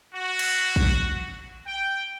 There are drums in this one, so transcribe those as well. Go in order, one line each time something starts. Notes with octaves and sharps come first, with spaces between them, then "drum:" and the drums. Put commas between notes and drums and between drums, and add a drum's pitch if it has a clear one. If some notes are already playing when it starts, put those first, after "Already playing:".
F#4
drum: cymbal
drum: kick
G5